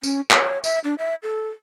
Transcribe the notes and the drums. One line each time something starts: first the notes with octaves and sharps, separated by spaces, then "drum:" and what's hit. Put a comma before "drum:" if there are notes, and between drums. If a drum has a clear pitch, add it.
C#4, drum: tambourine
C#5, drum: clap
E5, drum: tambourine
D4
E5
A4